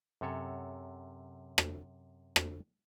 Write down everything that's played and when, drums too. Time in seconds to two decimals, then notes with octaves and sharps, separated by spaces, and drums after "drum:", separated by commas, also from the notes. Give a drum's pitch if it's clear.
0.21 F#2 C3 A4 C#5
1.58 drum: rim click
2.36 drum: rim click